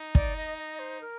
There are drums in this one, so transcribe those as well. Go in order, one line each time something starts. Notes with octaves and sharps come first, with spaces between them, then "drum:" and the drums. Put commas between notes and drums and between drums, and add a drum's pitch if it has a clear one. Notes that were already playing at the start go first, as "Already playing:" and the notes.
Already playing: D#4
D5, drum: kick
D#5
D#5
C5
A#4